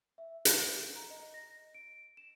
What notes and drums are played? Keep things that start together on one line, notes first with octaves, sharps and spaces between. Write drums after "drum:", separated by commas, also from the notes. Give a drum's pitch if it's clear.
E5
drum: hi-hat
A#5
D#5
A#6
D7
E7